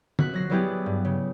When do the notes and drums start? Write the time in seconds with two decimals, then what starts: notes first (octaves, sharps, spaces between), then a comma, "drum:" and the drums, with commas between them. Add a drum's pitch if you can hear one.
0.19 A#1 F#4 F#6 B6, drum: tom
0.34 F#3 A#6 C7
0.50 F#3 G3 B3 E4 G4 G#4
0.86 G2
1.05 C#3